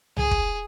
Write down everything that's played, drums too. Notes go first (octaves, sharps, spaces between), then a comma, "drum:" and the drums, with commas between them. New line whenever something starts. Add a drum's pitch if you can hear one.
G#4, drum: tom C2
drum: kick